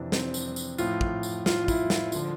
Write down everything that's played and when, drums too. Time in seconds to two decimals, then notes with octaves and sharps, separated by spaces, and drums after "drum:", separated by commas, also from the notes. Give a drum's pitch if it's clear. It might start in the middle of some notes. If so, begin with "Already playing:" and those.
Already playing: F2 C3 E3 D4
0.12 C4, drum: snare
0.34 drum: tambourine
0.56 drum: tambourine
0.78 A2 F3 F4, drum: tambourine
1.01 drum: kick
1.23 drum: tambourine
1.46 F4, drum: snare
1.64 F4
1.68 E4, drum: kick, tambourine
1.90 F4, drum: snare
2.12 D3 F3 F4, drum: tambourine